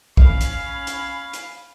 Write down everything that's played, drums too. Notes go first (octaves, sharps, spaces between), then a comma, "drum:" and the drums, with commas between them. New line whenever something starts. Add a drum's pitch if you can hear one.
C#4 F5 B5, drum: kick
drum: hi-hat
drum: hi-hat
drum: hi-hat